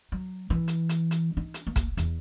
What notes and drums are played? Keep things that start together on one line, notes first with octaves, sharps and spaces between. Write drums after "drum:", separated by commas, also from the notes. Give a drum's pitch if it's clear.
F#3
E3
drum: hi-hat
drum: hi-hat
drum: hi-hat
D#4
drum: hi-hat
A#3
drum: kick, hi-hat
E2, drum: hi-hat